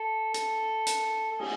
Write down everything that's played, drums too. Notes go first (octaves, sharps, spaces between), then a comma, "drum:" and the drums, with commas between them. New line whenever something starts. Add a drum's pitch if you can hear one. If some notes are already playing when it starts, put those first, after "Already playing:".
Already playing: A4
A4, drum: hi-hat
drum: hi-hat
A4
G#4, drum: cymbal